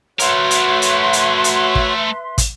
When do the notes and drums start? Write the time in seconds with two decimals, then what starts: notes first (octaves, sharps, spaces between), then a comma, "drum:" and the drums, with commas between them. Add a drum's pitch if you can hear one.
0.19 A3 F#4 A#4 B4 C#5 E5 C6, drum: hi-hat
0.51 drum: hi-hat
0.82 drum: hi-hat
1.13 drum: hi-hat
1.44 drum: hi-hat
1.75 drum: kick
2.38 drum: kick, hi-hat